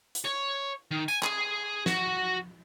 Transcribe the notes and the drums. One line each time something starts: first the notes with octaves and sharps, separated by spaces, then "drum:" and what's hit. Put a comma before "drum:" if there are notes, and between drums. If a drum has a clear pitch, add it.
drum: hi-hat
C#5
D#3
G#5, drum: tambourine
G#4, drum: clap
F#4, drum: snare